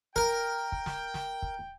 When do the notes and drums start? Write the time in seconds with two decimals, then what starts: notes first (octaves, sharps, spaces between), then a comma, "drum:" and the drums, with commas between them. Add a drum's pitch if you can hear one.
0.16 A#4 G5, drum: kick
0.72 drum: kick
0.86 drum: snare
1.14 drum: snare
1.42 drum: kick